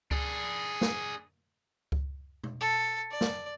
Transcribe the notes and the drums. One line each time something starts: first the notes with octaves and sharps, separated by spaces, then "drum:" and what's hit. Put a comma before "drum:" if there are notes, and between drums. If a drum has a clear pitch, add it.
D4 G#4, drum: kick C#2
drum: snare
drum: kick C#2
drum: tom
A4
D5
drum: snare